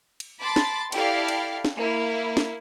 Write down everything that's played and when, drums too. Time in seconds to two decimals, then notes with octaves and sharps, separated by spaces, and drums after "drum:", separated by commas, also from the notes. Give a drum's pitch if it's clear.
0.20 drum: cymbal
0.40 A5 B5 C6 D6 A6
0.56 drum: snare
0.92 E4 G4 A4 D5 F5, drum: cymbal
1.28 drum: cymbal
1.65 drum: snare
1.76 A#3 E4
2.37 drum: snare